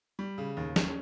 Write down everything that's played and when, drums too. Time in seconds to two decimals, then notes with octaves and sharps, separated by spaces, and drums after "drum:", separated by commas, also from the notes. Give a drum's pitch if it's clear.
0.19 G3
0.38 C#3
0.57 D#2
0.76 C#4, drum: snare